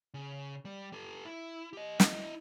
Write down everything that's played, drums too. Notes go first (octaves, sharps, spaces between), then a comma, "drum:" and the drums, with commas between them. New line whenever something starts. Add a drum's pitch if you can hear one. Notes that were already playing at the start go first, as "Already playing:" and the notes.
C#3
G3
G4 A4
E4
G4 D#5
E4 D#5, drum: snare